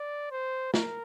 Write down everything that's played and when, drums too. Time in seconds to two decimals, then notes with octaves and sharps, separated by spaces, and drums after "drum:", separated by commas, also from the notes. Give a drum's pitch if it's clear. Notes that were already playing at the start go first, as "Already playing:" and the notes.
Already playing: D5
0.31 C5
0.74 A#4, drum: snare